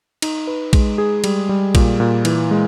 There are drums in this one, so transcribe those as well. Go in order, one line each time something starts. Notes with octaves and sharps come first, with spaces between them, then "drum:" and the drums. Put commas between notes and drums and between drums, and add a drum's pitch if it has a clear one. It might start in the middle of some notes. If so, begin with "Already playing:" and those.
D#4, drum: cymbal
B4
G#3, drum: kick, cymbal
G#4
G3, drum: cymbal
G3
A#2, drum: kick, cymbal
A#2
E3, drum: cymbal
G#3